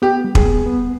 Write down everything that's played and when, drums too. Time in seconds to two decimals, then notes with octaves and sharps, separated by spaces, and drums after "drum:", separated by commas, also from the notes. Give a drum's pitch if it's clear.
0.02 B3 G4
0.24 G3
0.35 G#4, drum: kick
0.46 B3
0.66 B3